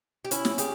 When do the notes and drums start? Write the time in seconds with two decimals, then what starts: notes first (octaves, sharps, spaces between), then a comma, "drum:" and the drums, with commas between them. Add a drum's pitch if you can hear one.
0.25 G4
0.31 C#4 E4, drum: hi-hat
0.45 drum: snare
0.58 G4 G#4, drum: hi-hat